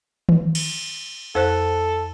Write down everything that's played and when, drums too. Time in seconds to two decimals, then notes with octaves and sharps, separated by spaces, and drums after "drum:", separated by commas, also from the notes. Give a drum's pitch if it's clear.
0.29 drum: tom D#3
0.55 drum: cymbal
1.35 F2 A4 C5 F#6